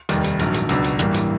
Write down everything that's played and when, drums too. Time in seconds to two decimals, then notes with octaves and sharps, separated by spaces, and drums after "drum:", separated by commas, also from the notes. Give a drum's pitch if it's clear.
0.09 F1 D#2 D#3 G3, drum: hi-hat
0.24 drum: hi-hat
0.39 A#1 G#2 D#3 F#3, drum: hi-hat
0.54 drum: hi-hat
0.69 C#2 B2 F#3 B3 D4 E6, drum: hi-hat
0.84 drum: hi-hat
0.99 A1 G2 E3 G3 A#3, drum: rim click
1.14 drum: hi-hat